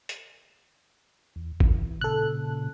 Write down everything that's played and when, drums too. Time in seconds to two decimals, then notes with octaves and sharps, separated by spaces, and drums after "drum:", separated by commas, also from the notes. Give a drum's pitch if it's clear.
0.09 drum: hi-hat
1.36 E2
1.60 E3, drum: kick G#1
2.01 A#2 C#3 A4 F#6